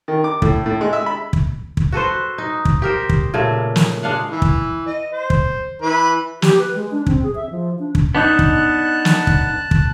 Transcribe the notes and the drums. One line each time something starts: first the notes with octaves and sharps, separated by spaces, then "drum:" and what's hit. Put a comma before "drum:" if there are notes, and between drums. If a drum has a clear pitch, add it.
D#3
D6
A2, drum: kick
A2
G#3
E5
B5
drum: kick
drum: kick
F#4 A4 B4 C5
D#4
drum: kick
G4 A#4 C5
drum: kick
A#2 C#3 A3
drum: snare
G#3 D4 F5 F#5
E3
drum: kick
D#5
C5
drum: kick
E3 B4
G4, drum: snare
B4
G#3
D4
C4, drum: kick
G#4
E5
F3
D4
drum: kick
B3 D4 D#4 A5 F#6
drum: kick
drum: snare
drum: kick
drum: kick